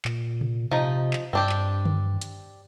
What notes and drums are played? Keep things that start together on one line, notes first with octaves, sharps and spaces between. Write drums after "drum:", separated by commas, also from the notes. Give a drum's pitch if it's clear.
A#2, drum: clap
drum: tom C3
C3 F3 D#4
drum: clap
G2 C4 D4 G4
drum: clap
drum: tom D3
drum: hi-hat